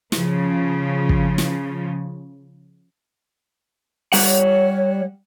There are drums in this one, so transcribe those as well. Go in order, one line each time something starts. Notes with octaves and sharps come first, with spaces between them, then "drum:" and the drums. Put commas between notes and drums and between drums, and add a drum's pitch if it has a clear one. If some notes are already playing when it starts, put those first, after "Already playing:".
C#3 F3, drum: snare
drum: kick
drum: snare
G3 C#5 F#5, drum: open hi-hat